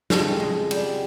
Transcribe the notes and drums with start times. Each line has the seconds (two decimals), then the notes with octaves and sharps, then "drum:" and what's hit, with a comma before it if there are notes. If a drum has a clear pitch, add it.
0.10 F2 C#3 F3 G#3, drum: snare
0.40 G#3
0.71 G3, drum: cymbal